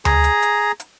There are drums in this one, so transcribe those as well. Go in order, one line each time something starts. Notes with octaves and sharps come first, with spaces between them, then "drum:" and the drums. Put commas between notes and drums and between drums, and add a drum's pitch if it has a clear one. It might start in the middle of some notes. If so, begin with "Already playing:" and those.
G#4 A#5, drum: tom D2
drum: hi-hat
drum: hi-hat
drum: hi-hat